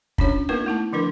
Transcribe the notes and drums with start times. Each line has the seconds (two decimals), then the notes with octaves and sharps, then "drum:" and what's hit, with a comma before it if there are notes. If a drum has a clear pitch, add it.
0.18 C#4 D4 F4 C#5, drum: kick
0.49 A#3 B3 D#4 F4 A#4 B4
0.66 A3 E4 A5
0.93 D3 F3 D4 A#4 B4